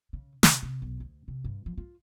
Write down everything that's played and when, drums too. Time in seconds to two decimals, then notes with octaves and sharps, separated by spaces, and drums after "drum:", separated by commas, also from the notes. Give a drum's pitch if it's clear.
0.13 C#3
0.43 C3, drum: snare
0.63 C3
0.82 B1
1.00 D2
1.28 C3
1.44 G2
1.66 F3
1.77 F4